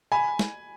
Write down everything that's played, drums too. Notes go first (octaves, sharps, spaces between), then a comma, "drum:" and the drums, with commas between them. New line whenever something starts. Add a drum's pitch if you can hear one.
G#5 B5
drum: snare